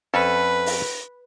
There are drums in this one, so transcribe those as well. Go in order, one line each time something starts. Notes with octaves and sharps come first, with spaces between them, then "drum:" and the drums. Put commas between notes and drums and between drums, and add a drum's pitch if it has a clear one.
F2 C#4 A4 B4
drum: open hi-hat